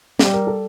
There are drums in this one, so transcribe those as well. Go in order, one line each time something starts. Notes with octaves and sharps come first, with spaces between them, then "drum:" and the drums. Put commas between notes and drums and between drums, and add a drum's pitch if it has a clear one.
G3 G4, drum: snare
A#4
A4